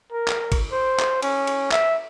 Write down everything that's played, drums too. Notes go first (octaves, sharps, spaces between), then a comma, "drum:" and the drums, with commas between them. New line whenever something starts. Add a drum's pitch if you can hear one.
A#4
drum: clap
drum: kick, cymbal
C5
drum: clap
C#4, drum: cymbal
drum: cymbal
E5, drum: clap